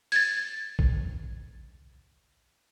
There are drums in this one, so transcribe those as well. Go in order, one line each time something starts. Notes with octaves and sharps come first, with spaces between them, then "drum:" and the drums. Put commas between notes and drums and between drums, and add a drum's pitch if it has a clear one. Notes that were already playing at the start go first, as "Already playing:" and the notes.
G#6 A6, drum: open hi-hat
drum: kick A#1